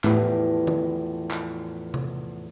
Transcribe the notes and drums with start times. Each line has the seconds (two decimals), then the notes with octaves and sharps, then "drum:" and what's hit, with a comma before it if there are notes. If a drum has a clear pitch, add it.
0.04 E2 A2 F3 E4 G4 B4, drum: clap
0.67 drum: tom D#3
1.31 drum: clap
1.94 drum: tom C3